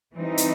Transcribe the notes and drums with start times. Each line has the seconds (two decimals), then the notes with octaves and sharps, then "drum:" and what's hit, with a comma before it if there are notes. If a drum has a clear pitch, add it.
0.15 E3 G3 C4 D#4
0.38 drum: hi-hat